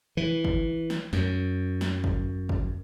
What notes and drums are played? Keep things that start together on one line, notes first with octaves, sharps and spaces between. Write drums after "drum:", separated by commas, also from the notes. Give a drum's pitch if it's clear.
E3
drum: kick
drum: snare
F#2, drum: snare
drum: snare
drum: kick
drum: kick